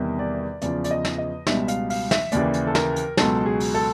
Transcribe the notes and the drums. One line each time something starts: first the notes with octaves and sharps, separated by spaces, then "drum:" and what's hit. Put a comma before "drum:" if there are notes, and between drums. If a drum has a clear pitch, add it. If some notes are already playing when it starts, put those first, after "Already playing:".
Already playing: E2 C3 D#3 G3
D5
E2 C#3 F3 D5, drum: hi-hat
D5, drum: hi-hat
D#5
drum: snare
D#5
C#2 B2 G3 E5, drum: snare
F5, drum: hi-hat
F5, drum: open hi-hat
E5, drum: snare
D#2 C#3 E3 D5, drum: hi-hat
drum: hi-hat
A4
A#4, drum: snare
drum: hi-hat
C#2 B2 F#3 A4, drum: snare
G#4
drum: open hi-hat
A4